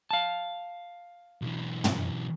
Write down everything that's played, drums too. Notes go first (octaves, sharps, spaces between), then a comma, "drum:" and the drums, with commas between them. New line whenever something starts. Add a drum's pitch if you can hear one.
F5 A5
B1 E3
drum: tom